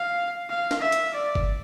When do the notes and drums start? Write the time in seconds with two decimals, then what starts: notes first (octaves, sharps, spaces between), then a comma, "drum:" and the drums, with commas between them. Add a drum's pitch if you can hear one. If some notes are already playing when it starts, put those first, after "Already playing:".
Already playing: F5
0.50 F5
0.71 drum: snare
0.81 E5
0.92 drum: hi-hat
1.14 D5
1.35 drum: kick F#1